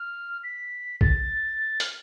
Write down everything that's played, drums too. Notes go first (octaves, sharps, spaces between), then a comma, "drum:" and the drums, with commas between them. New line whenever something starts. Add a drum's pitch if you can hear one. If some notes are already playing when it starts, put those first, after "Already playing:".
Already playing: F6
B6
A6, drum: kick A1
F6, drum: hi-hat